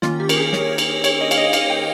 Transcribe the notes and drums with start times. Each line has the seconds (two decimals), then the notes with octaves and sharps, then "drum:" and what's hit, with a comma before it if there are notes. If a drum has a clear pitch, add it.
0.02 D#3 A#3 C#4 F4, drum: snare
0.20 G4
0.29 A#4, drum: cymbal
0.36 G#4
0.53 C#5, drum: snare
0.78 drum: cymbal
1.04 C#5, drum: cymbal
1.21 D#5
1.31 F5, drum: cymbal
1.38 D#5
1.53 F5, drum: cymbal
1.70 G5